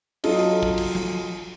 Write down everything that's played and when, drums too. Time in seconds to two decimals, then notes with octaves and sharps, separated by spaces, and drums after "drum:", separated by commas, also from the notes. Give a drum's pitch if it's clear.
0.24 F#3 F4 A4 D#5, drum: cymbal
0.63 drum: kick
0.78 drum: cymbal
0.95 drum: tom F3